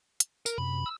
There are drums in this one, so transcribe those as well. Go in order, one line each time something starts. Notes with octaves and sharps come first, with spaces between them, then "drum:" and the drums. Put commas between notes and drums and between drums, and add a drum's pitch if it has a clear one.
drum: hi-hat
A#4, drum: tambourine
F#2 C3 B5
E6